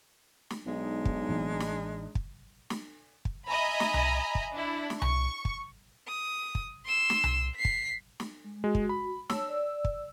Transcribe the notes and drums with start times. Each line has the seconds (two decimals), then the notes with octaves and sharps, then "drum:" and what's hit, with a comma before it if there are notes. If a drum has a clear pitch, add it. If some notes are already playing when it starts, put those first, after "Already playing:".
0.50 drum: snare
0.66 B1 G#3 D4 D#4
1.05 drum: kick
1.29 A1 E3 A#3
1.60 drum: snare
2.15 drum: kick
2.70 drum: snare
3.25 drum: kick
3.47 D#5 E5 G#5 A#5 B5
3.80 drum: snare
3.94 drum: tom C2
4.35 drum: kick
4.54 D4 E4
4.90 drum: snare
5.02 C#6, drum: tom C2
5.45 drum: kick
6.08 D#6
6.55 drum: kick
6.86 C6 E6
7.10 drum: snare
7.24 drum: tom C2
7.55 B6 C7
7.65 drum: kick
8.20 drum: snare
8.44 G#3
8.64 G#3 F#4
8.75 drum: kick
8.89 B5
9.30 C#5 A5 E6, drum: snare
9.48 D5
9.85 drum: kick